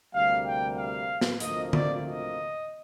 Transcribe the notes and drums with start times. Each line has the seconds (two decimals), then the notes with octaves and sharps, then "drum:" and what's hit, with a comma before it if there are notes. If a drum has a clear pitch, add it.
0.13 D2 C3 G3 A#3 F5
0.46 G5
0.78 F5
1.21 drum: snare
1.40 D2 C3 F3 A#3 D#5, drum: hi-hat
1.73 D5, drum: tom D3
2.05 D#5